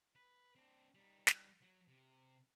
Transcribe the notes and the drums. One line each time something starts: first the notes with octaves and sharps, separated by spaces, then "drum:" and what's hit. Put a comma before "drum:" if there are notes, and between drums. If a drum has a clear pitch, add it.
B4
C4 D4
G3 D#4
drum: snare
F#3
C3